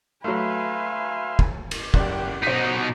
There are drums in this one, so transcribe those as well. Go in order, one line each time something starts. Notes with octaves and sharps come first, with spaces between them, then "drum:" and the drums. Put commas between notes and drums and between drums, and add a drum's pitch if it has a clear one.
F#3 A3 B4 E5 F5 G#5 C6
drum: kick
drum: cymbal
F#1 G4 D5 F#5 G5, drum: kick
B2 C#4 D#4 F#4 C5 B6